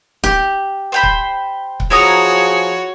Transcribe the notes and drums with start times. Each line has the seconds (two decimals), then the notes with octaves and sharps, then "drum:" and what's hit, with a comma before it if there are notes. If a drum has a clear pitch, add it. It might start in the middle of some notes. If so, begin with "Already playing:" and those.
0.24 G4, drum: kick C#1
0.92 C5 G5 B5
1.03 drum: kick C#1
1.80 drum: kick C#1
1.90 F3 E4 F#4 G#4 C#5 A#5 D#6